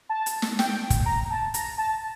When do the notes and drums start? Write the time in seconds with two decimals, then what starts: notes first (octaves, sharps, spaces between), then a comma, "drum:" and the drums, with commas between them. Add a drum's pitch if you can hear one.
0.09 A5
0.26 drum: hi-hat
0.42 drum: snare
0.59 G5, drum: snare
0.90 drum: kick, hi-hat
1.06 A#5
1.31 A5
1.54 A#5, drum: hi-hat
1.78 A5